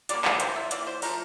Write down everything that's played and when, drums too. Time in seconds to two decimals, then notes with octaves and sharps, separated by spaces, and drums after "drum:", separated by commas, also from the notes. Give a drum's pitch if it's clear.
0.09 D3 G3 A#3 D5, drum: hi-hat
0.25 drum: clap
0.40 C3 E3 G3 C5, drum: hi-hat
0.56 E5
0.71 E3 A#3 D5, drum: hi-hat
0.87 C5
1.02 D3 F3 A3 A#4, drum: open hi-hat